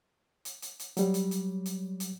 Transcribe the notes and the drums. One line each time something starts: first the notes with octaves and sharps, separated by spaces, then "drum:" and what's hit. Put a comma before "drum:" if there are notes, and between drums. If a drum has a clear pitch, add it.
drum: hi-hat
drum: hi-hat
drum: hi-hat
F#3 G3, drum: hi-hat
drum: hi-hat
drum: hi-hat
drum: hi-hat
drum: hi-hat